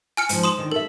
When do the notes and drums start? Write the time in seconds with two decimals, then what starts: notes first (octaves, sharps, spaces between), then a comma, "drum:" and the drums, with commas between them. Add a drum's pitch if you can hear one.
0.17 G#5 F6 C#7
0.29 G#2 F3, drum: hi-hat
0.43 C6 D#6 E7
0.58 D3 D#3
0.72 A4 A#4 E5